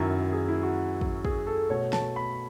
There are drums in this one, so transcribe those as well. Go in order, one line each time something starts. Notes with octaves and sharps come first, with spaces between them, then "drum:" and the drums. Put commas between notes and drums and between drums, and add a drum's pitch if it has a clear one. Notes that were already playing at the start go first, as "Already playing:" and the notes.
Already playing: F#2 D#3 F#3 E4
G#4
E4
F#4
drum: kick
G#4, drum: kick
A4
B2 A3 C#5
A5, drum: snare
B5